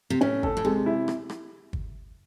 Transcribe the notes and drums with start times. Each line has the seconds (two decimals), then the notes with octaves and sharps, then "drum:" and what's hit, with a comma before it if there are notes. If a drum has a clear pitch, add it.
0.10 C3
0.21 A2 C#4
0.43 A4, drum: kick
0.57 A2
0.65 C3 G#3
0.86 E4
1.08 drum: rim click
1.30 drum: rim click
1.73 drum: kick